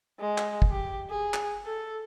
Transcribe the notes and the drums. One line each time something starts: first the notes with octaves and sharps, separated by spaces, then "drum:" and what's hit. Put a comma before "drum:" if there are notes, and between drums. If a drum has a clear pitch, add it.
G#3
drum: clap
drum: kick
G4
G#4
drum: clap
A4